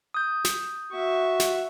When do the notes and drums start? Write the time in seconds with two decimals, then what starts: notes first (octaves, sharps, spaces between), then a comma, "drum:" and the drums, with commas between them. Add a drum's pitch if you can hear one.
0.14 D#6 G6
0.45 drum: snare
0.92 F#4 E5 C#6
1.40 drum: snare